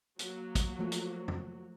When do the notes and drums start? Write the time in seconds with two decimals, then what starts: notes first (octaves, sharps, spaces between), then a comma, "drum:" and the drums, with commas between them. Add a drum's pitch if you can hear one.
0.19 F#3 A#3 F#4, drum: hi-hat
0.55 drum: kick, hi-hat
0.79 F3 A3
0.92 drum: hi-hat
1.28 drum: tom